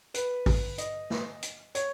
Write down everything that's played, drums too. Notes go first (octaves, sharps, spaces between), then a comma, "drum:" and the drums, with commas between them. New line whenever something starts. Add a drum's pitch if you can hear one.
B4, drum: hi-hat
drum: kick, open hi-hat
D#5, drum: hi-hat
drum: snare
drum: hi-hat
C#5, drum: hi-hat